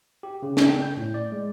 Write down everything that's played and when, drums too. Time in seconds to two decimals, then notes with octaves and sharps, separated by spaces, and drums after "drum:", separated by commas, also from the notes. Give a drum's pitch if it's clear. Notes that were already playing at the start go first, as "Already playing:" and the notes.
0.23 G4
0.43 C#3
0.57 drum: snare
0.69 G5
0.82 G6
0.97 A2
1.14 D5
1.32 G#3